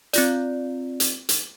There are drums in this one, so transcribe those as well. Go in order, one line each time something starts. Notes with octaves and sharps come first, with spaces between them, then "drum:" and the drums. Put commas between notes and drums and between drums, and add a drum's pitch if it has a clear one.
C4 F4 D5, drum: hi-hat
drum: hi-hat
drum: hi-hat